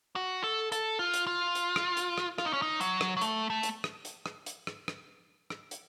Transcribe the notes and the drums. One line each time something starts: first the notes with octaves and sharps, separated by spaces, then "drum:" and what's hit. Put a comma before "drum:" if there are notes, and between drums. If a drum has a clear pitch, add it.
F#4
A4
A4, drum: hi-hat
F4
drum: hi-hat
F4
drum: hi-hat
drum: rim click
drum: hi-hat
drum: rim click
F4, drum: rim click
D#4
C#4
D#4
F#3, drum: hi-hat
drum: rim click
F#3
A3, drum: hi-hat
A3
drum: hi-hat
drum: rim click
drum: hi-hat
drum: rim click
drum: hi-hat
drum: rim click
drum: rim click
drum: rim click
drum: hi-hat